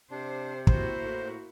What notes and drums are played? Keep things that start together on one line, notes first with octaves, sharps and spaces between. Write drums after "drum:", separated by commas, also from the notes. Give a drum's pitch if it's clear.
C3 D4 C5
A#3 E4 F#4 C5, drum: kick
A2